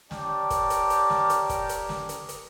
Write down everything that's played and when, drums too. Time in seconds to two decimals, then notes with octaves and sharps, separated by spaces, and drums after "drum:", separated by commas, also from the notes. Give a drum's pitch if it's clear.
0.11 C#4 G4 A#4 D5 A5 D6, drum: snare
0.50 drum: kick, hi-hat
0.70 drum: hi-hat
0.90 drum: hi-hat
1.10 drum: snare
1.30 drum: hi-hat
1.49 drum: kick, hi-hat
1.69 drum: hi-hat
1.89 drum: snare
2.09 drum: hi-hat
2.29 drum: hi-hat